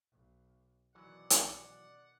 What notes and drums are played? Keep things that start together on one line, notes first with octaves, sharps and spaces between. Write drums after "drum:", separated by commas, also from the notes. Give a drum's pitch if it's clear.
B1
B2 D#3 E3 F#3 D5 F#5
drum: hi-hat